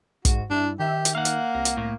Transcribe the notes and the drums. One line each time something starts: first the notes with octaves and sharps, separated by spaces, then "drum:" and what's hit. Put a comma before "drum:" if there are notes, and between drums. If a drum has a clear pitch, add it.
G#2 F#4, drum: kick, hi-hat
G2 D4 E4
D#3 G4 E5
drum: hi-hat
A#3 F5 F#5
drum: hi-hat
C2 A#6
drum: hi-hat
A2